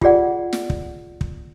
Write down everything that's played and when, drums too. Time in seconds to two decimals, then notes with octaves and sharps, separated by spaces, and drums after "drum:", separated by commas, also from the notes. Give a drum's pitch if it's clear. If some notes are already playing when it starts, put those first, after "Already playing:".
0.01 F4 G4 G#4 D5 F#5, drum: kick
0.53 drum: snare
0.70 drum: kick
1.21 drum: kick